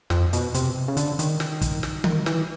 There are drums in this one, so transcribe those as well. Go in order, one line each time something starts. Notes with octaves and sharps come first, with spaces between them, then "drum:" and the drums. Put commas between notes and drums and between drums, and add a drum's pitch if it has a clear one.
F2, drum: snare
B2, drum: hi-hat
C3, drum: hi-hat
C#3
D3, drum: hi-hat
D#3, drum: hi-hat
drum: snare
drum: kick, hi-hat
drum: snare
D#3, drum: tom D#3
E3, drum: snare